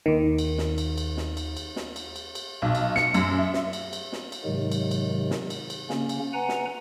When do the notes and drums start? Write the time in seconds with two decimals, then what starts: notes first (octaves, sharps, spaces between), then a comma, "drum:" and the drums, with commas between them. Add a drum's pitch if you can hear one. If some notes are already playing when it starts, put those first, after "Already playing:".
0.06 D#2 D#3
0.38 drum: cymbal
0.58 drum: snare
0.78 drum: cymbal
0.98 drum: cymbal
1.17 drum: snare
1.37 drum: cymbal
1.57 drum: cymbal
1.76 drum: snare
1.96 drum: cymbal
2.16 drum: cymbal
2.35 drum: cymbal
2.62 B1
2.75 drum: cymbal
2.96 C#7, drum: snare
3.14 F#2, drum: cymbal
3.39 E5
3.53 drum: snare
3.73 drum: cymbal
3.93 drum: cymbal
4.12 drum: snare
4.32 drum: cymbal
4.45 G#2 C3 D#3 F#3 G#3
4.72 drum: cymbal
4.91 drum: cymbal
5.31 drum: snare
5.50 drum: cymbal
5.70 drum: cymbal
5.90 C#3 A#3 C#4, drum: snare
6.09 drum: cymbal
6.33 B4 F#5 G#5 A#5
6.49 drum: snare